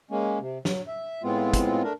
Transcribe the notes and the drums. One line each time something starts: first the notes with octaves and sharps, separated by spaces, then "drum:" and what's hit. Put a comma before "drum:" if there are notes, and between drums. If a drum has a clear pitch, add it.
G#3 A#3 C#4
C3
F#3, drum: snare
E5
A2 G#3 B3 C4 F4
drum: kick, hi-hat
A3 D4 A#4